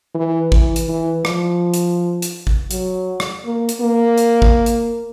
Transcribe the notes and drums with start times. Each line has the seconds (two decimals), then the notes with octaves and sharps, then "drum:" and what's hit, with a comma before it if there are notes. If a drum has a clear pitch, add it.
0.14 E3
0.52 E3, drum: kick A1
0.76 drum: hi-hat
0.88 E3
1.25 F3, drum: rim click
1.74 drum: hi-hat
2.22 drum: hi-hat
2.47 drum: kick A1
2.71 F#3, drum: hi-hat
3.20 drum: rim click
3.45 A#3
3.69 drum: hi-hat
3.81 A#3
4.18 drum: hi-hat
4.42 drum: kick A1
4.66 drum: hi-hat